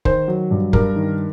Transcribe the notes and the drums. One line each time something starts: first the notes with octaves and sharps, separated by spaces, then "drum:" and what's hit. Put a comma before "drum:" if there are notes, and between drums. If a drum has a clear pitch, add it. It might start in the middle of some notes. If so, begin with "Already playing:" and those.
D#3 C5, drum: kick
F#3
G2
G2 A#4, drum: kick
D#3